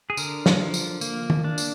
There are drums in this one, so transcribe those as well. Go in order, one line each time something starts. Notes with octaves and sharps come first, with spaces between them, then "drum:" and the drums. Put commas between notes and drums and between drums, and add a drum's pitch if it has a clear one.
G#4
D3 A#4, drum: tambourine
drum: snare
F3
drum: tambourine
A#3, drum: tambourine
drum: tom D#3
D4
drum: tambourine